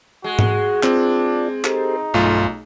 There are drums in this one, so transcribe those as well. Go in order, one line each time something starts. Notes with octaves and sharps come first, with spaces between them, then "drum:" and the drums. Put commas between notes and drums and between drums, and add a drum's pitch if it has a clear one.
G#3 F#4
drum: tom G#2
C4 D4 F4 D5, drum: clap
D#4 G4 A4 C5, drum: clap
B1 G2 A3 F4 G#5